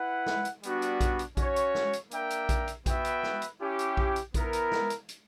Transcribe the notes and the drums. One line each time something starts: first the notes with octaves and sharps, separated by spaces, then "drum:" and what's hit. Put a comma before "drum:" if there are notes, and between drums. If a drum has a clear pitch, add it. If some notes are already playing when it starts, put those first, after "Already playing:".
Already playing: E4 B4 F#5
drum: snare
drum: hi-hat
G3 B3 D4 F#4, drum: hi-hat
drum: hi-hat
drum: kick A#1, hi-hat
drum: hi-hat
C#4 F#4 C#5, drum: kick A#1, hi-hat
drum: hi-hat
drum: snare
drum: hi-hat
A#3 D4 A#4 E5 G5, drum: hi-hat
drum: hi-hat
drum: kick A#1, hi-hat
drum: hi-hat
B3 F#4 B4 E5 G5, drum: kick A#1, hi-hat
drum: hi-hat
drum: snare
drum: hi-hat
C#4 E4 G4
drum: hi-hat
drum: kick A#1
drum: hi-hat
B3 E4 A#4, drum: kick A#1, hi-hat
drum: hi-hat
drum: snare
drum: hi-hat
drum: hi-hat